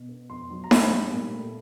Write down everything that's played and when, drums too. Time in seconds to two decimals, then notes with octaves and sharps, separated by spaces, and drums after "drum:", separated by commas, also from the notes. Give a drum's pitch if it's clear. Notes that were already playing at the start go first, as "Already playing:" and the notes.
Already playing: B2
0.09 B3
0.30 F2 C6
0.50 F#3
0.64 A#5
0.71 G2 B5, drum: snare D#4
0.92 G3
1.13 A#2
1.34 A3